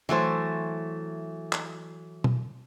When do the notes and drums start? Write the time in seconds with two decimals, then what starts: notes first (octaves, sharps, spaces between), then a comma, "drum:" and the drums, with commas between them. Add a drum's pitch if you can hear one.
0.09 E3 F#3 A3 C5
1.53 drum: clap
2.24 drum: tom B2